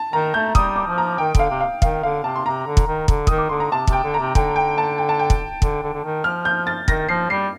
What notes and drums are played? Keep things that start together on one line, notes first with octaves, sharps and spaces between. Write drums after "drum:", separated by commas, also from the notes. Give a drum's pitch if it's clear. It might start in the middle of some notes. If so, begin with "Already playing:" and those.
Already playing: A5
D#3 A#5
A3 G6
G3 D#6, drum: kick
D6
F3
A#5
D#3 G5
D3 F5, drum: kick
C3
F5
D#3 F5, drum: kick
D3 F5
C3 A5
C6
C3 A#5
D3
drum: kick
D#3
D3, drum: kick
D#3 D#6, drum: kick
D6
D3 C6
A#5
C3 A5
C3, drum: kick
G5
D3
C3 A#5
D3 G5, drum: kick
G5
A5
G5
A5
G5
drum: kick
D3, drum: kick
D3
D3
D#3
F3 F6
G6
A6
D#3 A#6, drum: kick
F3 C7
G3 C7